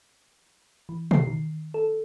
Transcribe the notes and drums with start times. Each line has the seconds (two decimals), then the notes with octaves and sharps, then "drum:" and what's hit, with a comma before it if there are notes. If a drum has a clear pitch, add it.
0.89 E3
1.11 C7, drum: tom
1.27 D#3
1.74 A4